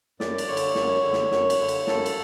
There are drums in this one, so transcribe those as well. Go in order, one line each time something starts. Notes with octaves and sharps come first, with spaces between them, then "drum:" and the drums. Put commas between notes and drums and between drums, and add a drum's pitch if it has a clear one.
F#2 D5, drum: snare
drum: cymbal
D3 C#5
drum: cymbal
F#2 C#5, drum: snare
D3
drum: snare
F#2, drum: snare
drum: cymbal
D3
drum: cymbal
F#2 A4, drum: snare
drum: cymbal